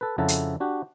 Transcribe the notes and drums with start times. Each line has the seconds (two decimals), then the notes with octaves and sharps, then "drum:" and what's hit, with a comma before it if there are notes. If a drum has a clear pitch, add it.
0.01 A4 B4
0.18 F2 C#3 E4 A4 F#5 A#5
0.28 drum: hi-hat
0.60 D4 F#4 G4